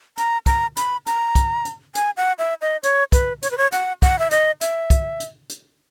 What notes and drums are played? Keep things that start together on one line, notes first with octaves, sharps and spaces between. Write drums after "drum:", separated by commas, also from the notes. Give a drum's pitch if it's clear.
A#5, drum: hi-hat
A#5, drum: kick, hi-hat
B5, drum: hi-hat
A#5, drum: hi-hat
drum: kick, hi-hat
drum: hi-hat
G#5, drum: hi-hat
F#5
E5
D#5
C#5, drum: hi-hat
B4, drum: kick, hi-hat
C#5, drum: hi-hat
B4
C#5
F#5, drum: hi-hat
F#5, drum: kick, hi-hat
E5
D#5, drum: hi-hat
E5, drum: hi-hat
drum: kick, hi-hat
drum: hi-hat
drum: hi-hat